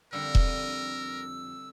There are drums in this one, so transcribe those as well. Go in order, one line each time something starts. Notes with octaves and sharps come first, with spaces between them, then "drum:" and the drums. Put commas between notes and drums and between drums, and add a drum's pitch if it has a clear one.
F2 D3 G3 A#4 E6
drum: kick E1